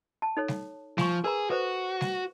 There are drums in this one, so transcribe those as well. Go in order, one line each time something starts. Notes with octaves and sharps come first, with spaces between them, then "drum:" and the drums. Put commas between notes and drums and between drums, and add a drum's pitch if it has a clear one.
A5
D#4 A4 C#5
drum: snare G3
F3 G#5 C#6, drum: snare G3
G#4 A#4 B4 A#5
F#4 A4 B4 C5
drum: snare G3